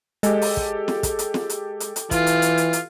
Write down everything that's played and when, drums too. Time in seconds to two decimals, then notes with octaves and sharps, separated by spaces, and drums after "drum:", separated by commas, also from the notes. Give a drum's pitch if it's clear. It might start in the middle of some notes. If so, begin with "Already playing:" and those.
0.23 G#3 G4 A4, drum: hi-hat
0.42 drum: open hi-hat
0.57 drum: kick
0.88 drum: snare
1.03 drum: kick, hi-hat
1.19 drum: hi-hat
1.34 drum: snare
1.50 drum: hi-hat
1.80 drum: hi-hat
1.96 drum: hi-hat
2.11 E3 F4, drum: kick, hi-hat
2.27 drum: hi-hat
2.42 drum: hi-hat
2.57 drum: hi-hat
2.73 drum: hi-hat